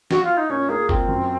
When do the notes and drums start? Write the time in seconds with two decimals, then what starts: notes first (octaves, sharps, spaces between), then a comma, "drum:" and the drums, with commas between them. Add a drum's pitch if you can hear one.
0.11 F#4, drum: snare
0.24 F4
0.37 D#4
0.50 A#2 C#4
0.69 A#3 G#4
0.89 A#2 C4, drum: kick F#1
1.08 F#2